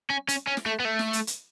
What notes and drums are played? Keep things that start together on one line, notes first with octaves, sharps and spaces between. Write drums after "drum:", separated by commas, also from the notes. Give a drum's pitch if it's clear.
C#4
C#4, drum: hi-hat
C#4
drum: snare
A3
B3
A3
drum: snare
drum: hi-hat
drum: hi-hat